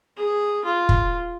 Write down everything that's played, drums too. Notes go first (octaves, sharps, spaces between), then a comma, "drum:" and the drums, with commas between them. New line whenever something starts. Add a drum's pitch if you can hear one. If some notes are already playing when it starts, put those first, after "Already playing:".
G#4
F4
drum: kick